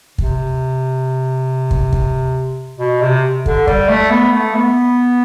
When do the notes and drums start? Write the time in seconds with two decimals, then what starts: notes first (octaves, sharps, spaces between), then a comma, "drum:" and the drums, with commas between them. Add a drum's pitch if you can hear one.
0.18 C3, drum: kick
1.71 drum: kick
1.93 drum: kick
2.79 B2
3.02 C3
3.46 D3, drum: kick
3.68 G3, drum: kick
3.89 A3
4.11 B3
4.32 A3
4.55 B3